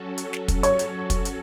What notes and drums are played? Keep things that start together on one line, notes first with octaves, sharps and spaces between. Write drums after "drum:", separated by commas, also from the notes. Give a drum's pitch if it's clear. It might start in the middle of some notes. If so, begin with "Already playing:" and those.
Already playing: F#3 C#4 F#4 A4
drum: hi-hat
drum: snare
drum: kick, hi-hat
C#5, drum: hi-hat
drum: hi-hat
drum: kick, hi-hat
drum: hi-hat